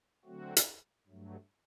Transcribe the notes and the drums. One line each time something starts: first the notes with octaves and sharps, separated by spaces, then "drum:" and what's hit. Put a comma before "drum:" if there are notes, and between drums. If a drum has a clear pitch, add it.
D3 F#3 A3 C4 F#4
drum: hi-hat
G2 F#3 A3